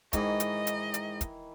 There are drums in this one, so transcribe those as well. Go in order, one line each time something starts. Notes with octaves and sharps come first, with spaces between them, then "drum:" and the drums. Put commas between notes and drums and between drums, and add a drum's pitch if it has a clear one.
G#2 D#3 E3 D#5, drum: kick, hi-hat
drum: hi-hat
drum: hi-hat
drum: hi-hat
drum: kick, hi-hat